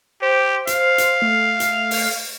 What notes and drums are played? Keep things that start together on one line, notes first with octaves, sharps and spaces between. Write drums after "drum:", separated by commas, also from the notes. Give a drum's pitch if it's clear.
G4 C5
F5, drum: hi-hat
drum: hi-hat
A3
drum: hi-hat
drum: open hi-hat